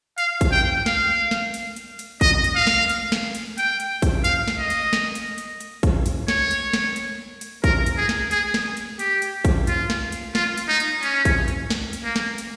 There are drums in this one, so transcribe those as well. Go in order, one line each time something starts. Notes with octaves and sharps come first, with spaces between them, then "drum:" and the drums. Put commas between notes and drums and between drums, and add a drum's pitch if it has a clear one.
F5, drum: hi-hat
drum: kick, hi-hat
G5
F5, drum: snare
drum: snare
drum: hi-hat
drum: hi-hat
drum: hi-hat
D#5, drum: kick, hi-hat
drum: hi-hat
F5
drum: snare
drum: hi-hat
drum: snare
drum: hi-hat
G5, drum: hi-hat
drum: hi-hat
drum: kick, hi-hat
F5, drum: hi-hat
drum: snare
D#5
drum: hi-hat
drum: snare
drum: hi-hat
drum: hi-hat
drum: hi-hat
drum: kick, hi-hat
drum: hi-hat
C#5, drum: snare
drum: hi-hat
drum: snare
drum: hi-hat
drum: hi-hat
A#4, drum: kick, hi-hat
drum: hi-hat
G#4
drum: snare
G#4, drum: hi-hat
drum: snare
drum: hi-hat
G4, drum: hi-hat
drum: hi-hat
drum: kick, hi-hat
F4, drum: hi-hat
drum: snare
drum: hi-hat
F4, drum: snare
drum: hi-hat
D#4
drum: hi-hat
C#4, drum: hi-hat
drum: kick, hi-hat
drum: hi-hat
drum: snare
drum: hi-hat
A#3
drum: snare
drum: hi-hat